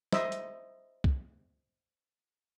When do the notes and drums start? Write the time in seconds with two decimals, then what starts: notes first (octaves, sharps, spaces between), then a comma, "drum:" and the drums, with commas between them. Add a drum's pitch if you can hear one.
0.13 C5 D#5 E5, drum: snare
0.32 drum: hi-hat
1.04 drum: kick C2